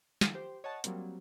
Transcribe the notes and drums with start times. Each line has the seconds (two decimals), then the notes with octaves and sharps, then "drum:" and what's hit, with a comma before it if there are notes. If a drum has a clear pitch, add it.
0.21 D#3 F3 F#3 A3 F4, drum: snare
0.34 G4 C5
0.64 C#5 D#5 F#5 A5
0.84 F#3 G3 A#3 C4, drum: hi-hat